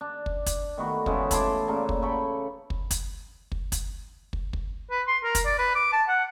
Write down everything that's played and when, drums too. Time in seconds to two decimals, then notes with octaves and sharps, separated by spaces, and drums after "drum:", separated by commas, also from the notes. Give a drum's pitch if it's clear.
0.01 D4
0.26 drum: kick
0.46 drum: kick, hi-hat
0.78 D#3 A3 B3 F#4
1.06 C#3 E3 G#3 A3, drum: kick
1.31 E4 A5 C6 D6, drum: kick, hi-hat
1.68 A#2 C#3 A#5
1.89 drum: kick
2.02 A4 C#5 G5 B5
2.70 drum: kick
2.91 drum: kick, hi-hat
3.52 drum: kick
3.72 drum: kick, hi-hat
4.33 drum: kick
4.53 drum: kick
4.91 B4
5.07 C6
5.24 A#4
5.35 drum: kick, hi-hat
5.45 D5
5.58 B4
5.75 D6
5.93 A5
6.08 F#5